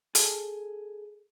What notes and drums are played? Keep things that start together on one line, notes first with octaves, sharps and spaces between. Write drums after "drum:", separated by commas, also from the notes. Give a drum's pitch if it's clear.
G#4 A4, drum: hi-hat